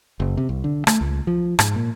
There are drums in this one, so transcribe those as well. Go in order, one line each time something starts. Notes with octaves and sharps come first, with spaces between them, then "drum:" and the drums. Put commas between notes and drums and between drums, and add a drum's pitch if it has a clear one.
F#1
C3
C2
D3
A3, drum: rim click
C#2
F3
G#2, drum: rim click
A#2